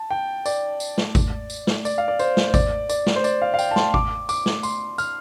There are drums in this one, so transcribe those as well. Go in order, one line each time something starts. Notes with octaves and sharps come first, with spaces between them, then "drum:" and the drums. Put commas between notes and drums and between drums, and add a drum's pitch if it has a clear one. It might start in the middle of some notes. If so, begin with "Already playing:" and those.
Already playing: A5
G5
D5, drum: tambourine
drum: tambourine
drum: snare
drum: kick G#1, tambourine
drum: tambourine
drum: snare
D5, drum: tambourine
F5
D5
C5, drum: tambourine
drum: snare
C5
D5, drum: kick G#1, tambourine
D5, drum: tambourine
drum: snare
C5
D5, drum: tambourine
F5
F5
G5, drum: tambourine
A5
C6, drum: snare
D6, drum: kick G#1
D6, drum: tambourine
drum: snare
C6, drum: tambourine
F6, drum: tambourine